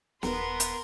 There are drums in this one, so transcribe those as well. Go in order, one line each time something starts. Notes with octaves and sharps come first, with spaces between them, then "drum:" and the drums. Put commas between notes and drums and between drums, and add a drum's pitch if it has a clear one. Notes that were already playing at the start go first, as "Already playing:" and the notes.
D#1 B3 A#4 C6, drum: snare
drum: hi-hat